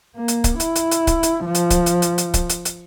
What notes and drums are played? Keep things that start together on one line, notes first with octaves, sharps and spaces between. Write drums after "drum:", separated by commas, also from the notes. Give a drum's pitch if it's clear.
A#3
drum: hi-hat
drum: kick C#1, hi-hat
E4, drum: hi-hat
drum: hi-hat
drum: hi-hat
drum: kick C#1, hi-hat
drum: hi-hat
F3
drum: hi-hat
drum: kick C#1, hi-hat
drum: hi-hat
drum: hi-hat
drum: hi-hat
drum: kick C#1, hi-hat
drum: hi-hat
drum: hi-hat